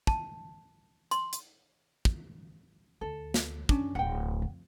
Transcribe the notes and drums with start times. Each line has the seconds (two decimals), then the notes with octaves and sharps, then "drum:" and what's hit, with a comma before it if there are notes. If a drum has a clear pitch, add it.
0.07 A5, drum: kick
1.11 C6, drum: hi-hat
1.33 drum: hi-hat
2.05 drum: kick
3.01 D2 A4
3.34 drum: snare
3.69 F#2 C#4 D4, drum: kick
3.95 D1 B2 F#5 G5
4.42 F2